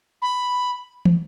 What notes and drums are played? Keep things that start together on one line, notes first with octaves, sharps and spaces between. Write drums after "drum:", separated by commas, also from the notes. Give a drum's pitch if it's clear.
B5
drum: tom